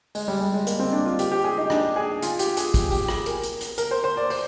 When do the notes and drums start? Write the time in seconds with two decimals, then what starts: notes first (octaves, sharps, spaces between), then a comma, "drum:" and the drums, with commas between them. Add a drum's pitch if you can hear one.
0.15 G#3, drum: open hi-hat
0.28 G3
0.41 G#3
0.54 G#3
0.67 A#3, drum: hi-hat
0.80 C4
0.93 D4
1.06 F4
1.19 G4, drum: hi-hat
1.32 G4
1.44 G#4
1.58 D#4
1.70 D4, drum: rim click
1.96 G#4
2.22 F4, drum: hi-hat
2.39 G4, drum: hi-hat
2.57 G#4, drum: hi-hat
2.74 drum: kick, hi-hat
2.91 G4, drum: open hi-hat
3.08 G#4, drum: rim click
3.26 A#4, drum: hi-hat
3.43 drum: hi-hat
3.61 drum: hi-hat
3.78 A#4, drum: hi-hat
3.91 C5
4.04 C5
4.17 D5
4.30 C5, drum: open hi-hat